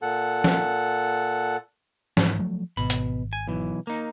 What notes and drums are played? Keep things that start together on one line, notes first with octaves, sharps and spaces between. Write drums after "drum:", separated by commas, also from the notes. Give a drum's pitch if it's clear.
A#2 A4 F#5
drum: snare
G#2 E3, drum: snare
F3 F#3 A3
G#1 B2 B5
drum: hi-hat
G#5
B1 E3
A#3 D#4